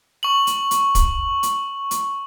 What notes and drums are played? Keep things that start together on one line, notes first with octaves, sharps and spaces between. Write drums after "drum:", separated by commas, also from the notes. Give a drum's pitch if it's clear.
C#6 F#7
drum: hi-hat
drum: hi-hat
drum: kick, hi-hat
drum: hi-hat
drum: hi-hat